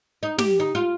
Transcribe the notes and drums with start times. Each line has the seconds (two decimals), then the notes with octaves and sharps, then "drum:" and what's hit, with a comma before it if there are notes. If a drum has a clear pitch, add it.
0.23 D#4
0.38 G4, drum: snare
0.60 D#4
0.75 F4